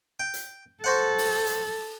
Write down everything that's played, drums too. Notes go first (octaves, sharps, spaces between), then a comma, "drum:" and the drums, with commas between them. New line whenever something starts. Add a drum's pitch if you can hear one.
G5
drum: hi-hat
F#4 A4 C5 F#5
drum: open hi-hat
drum: hi-hat